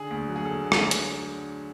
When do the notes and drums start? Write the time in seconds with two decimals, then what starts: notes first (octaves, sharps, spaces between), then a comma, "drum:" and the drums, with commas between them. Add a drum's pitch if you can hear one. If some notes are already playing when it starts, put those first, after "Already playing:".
Already playing: D3 G#4
0.11 D2
0.28 F#3
0.36 G#4
0.45 D2 A4
0.62 D3
0.72 drum: rim click
0.91 drum: hi-hat